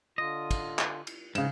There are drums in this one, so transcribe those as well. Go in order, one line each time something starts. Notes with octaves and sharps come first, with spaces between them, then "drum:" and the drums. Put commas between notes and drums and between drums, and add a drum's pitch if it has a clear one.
D3 F4 D#5
drum: kick, cymbal
drum: clap
drum: cymbal
G#2 C#3 E7, drum: cymbal